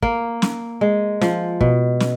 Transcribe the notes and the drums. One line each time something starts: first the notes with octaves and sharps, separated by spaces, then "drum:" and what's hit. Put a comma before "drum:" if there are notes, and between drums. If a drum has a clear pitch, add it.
A#3, drum: kick
drum: snare
G#3
F3, drum: snare
B2, drum: kick
drum: snare